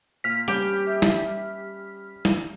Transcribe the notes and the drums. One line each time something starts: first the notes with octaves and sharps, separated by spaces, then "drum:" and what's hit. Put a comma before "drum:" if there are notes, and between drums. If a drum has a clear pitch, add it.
A#2 F6 B6
G3 C#4 G4 B4 A5
E5
drum: snare
drum: snare